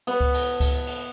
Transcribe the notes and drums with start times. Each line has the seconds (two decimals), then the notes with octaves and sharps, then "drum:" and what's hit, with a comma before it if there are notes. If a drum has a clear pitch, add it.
0.07 B3, drum: cymbal
0.20 drum: kick C#2
0.34 drum: cymbal
0.60 drum: kick C#2, cymbal
0.87 drum: cymbal